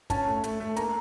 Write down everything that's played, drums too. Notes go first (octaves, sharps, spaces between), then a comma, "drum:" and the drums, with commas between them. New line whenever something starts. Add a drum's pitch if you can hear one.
C#4 A5, drum: kick, hi-hat
A3
A3, drum: hi-hat
A3
A#3 A#5, drum: hi-hat